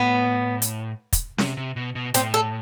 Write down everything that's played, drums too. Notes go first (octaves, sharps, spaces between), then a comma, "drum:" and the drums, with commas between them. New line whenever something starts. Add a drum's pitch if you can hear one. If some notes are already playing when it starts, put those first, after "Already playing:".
Already playing: A2 B3
drum: hi-hat
drum: kick, hi-hat
C3, drum: snare C#4
C3
B2
B2
A2 C4, drum: hi-hat
A4